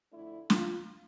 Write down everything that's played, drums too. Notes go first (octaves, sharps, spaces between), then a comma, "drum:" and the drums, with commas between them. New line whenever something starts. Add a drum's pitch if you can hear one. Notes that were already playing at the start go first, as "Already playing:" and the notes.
F2 D3 A3 D4 E4
F4, drum: snare